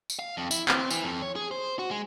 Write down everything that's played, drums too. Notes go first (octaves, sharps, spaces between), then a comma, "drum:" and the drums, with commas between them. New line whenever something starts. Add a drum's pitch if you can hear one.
drum: tambourine
F5
F2
E4, drum: tambourine
C4, drum: clap
E3, drum: tambourine
F2
C#5
G#4
C5
F#4
G#3